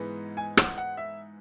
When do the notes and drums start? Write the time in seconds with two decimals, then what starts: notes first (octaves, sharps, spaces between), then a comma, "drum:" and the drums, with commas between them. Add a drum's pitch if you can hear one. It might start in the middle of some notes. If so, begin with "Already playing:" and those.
Already playing: G#2 E3 G#3 B3
0.37 G#5
0.57 F#5, drum: rim click
0.78 F#5
0.97 E5